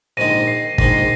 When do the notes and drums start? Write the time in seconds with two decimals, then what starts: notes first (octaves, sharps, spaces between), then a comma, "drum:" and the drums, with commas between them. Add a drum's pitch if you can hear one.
0.17 A#1 G#2 D#3 G#3 D#4 A#6 D#7
0.48 C7
0.78 A#1 G#2 D#3 G#3 D#4 A#6, drum: kick
0.93 C7